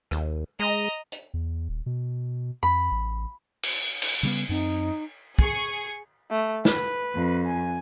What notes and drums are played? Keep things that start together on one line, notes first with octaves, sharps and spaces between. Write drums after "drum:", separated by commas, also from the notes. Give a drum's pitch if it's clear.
D#2, drum: rim click
G#3 D#5 A#5
drum: hi-hat
E2
D#1
B2
F2 B5
A1
drum: cymbal
drum: cymbal
C#3 G3 B3
F#2 C4 D#4
G#4 C#6, drum: kick
A3
B4, drum: snare
F2
G#5